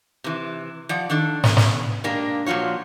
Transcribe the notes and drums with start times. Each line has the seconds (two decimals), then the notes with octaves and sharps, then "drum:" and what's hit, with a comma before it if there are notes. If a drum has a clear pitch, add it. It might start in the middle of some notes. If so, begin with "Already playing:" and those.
0.24 C3 E3
0.89 F3 D5 F#5
1.10 D#3 D4 A4
1.44 B3, drum: snare
1.57 drum: snare
2.04 G#3 A#3 D4 G4 A#4
2.46 A#2 F3 F#3 F4 C#5